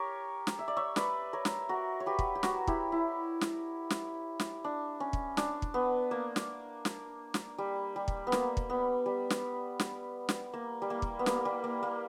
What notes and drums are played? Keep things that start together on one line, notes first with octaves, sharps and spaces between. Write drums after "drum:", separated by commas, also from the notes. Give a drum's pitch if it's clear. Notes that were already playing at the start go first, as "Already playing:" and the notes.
Already playing: G4 A#4 C#5
drum: snare
E5
D5
C#5 E5
B4 D5, drum: snare
A#4 C#5
drum: snare
F#4 A#4
C#5
G4 B4
drum: kick
G4
F#4 A#4, drum: snare
E4 G4, drum: kick
E4
drum: snare
drum: snare
drum: snare
D4
C#4
drum: kick
D4, drum: snare
drum: kick
B3
A#3
drum: snare
drum: snare
drum: snare
G3
G3
drum: kick
B3
A#3, drum: snare
drum: kick
B3
G3
drum: snare
drum: snare
drum: snare
A#3
G3
A#3
drum: kick
B3
A#3, drum: snare
G3
A#3
A#3